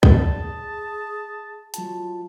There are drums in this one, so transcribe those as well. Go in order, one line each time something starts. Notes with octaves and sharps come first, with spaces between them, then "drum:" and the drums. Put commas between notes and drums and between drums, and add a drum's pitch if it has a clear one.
D5 A5, drum: kick
G#4
F#3 F4 A5, drum: hi-hat